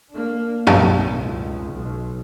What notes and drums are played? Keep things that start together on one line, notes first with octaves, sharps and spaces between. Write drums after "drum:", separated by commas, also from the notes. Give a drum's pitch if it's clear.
A#3 D4
B1 A2, drum: tom
C#2
B1